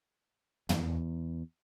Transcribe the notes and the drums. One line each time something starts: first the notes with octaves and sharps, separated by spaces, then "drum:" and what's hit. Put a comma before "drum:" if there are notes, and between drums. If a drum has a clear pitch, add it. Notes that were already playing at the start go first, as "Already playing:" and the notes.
E2, drum: tom